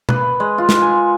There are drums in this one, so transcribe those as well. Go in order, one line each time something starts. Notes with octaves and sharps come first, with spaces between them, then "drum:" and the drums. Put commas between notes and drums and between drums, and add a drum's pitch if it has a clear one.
B4, drum: tom
G#3
F4
drum: snare
G#5